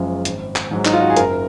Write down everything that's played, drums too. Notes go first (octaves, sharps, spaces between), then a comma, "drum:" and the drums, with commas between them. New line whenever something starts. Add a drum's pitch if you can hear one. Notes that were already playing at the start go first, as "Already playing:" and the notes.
Already playing: F#1 F#2 F3 G#3
G#1, drum: hi-hat
drum: clap
G#2 F#3
D#4, drum: clap
F4
F#4
G#4
F#1 A#4, drum: hi-hat